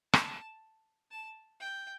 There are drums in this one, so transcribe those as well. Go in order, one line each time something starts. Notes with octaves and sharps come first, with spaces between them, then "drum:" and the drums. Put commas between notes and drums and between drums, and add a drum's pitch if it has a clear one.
A5, drum: rim click
A5
G5